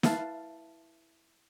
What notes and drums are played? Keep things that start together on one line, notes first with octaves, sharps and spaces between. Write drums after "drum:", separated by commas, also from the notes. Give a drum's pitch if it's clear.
E4 B4 F5 A5, drum: snare